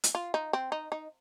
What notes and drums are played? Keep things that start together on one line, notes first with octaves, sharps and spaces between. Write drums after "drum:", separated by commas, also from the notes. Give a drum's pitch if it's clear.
drum: hi-hat
F4
D#4
C4
D#4
D#4